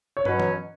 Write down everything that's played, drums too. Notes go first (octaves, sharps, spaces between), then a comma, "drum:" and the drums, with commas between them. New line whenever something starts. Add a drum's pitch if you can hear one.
C#5
B2 F#3 C#4 B4, drum: tom
drum: tom E3